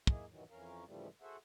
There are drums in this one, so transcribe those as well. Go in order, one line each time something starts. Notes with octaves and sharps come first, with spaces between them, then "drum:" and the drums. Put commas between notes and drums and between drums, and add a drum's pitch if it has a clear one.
A#3 D#4 E4 G#4, drum: kick
G2 B2 D#3 E3 F#3
F2 E3 C#4 A#4 F5
G#2 C#3 E3 F3 G3 A3
F#4 G#4 A4 C5 E5 F#5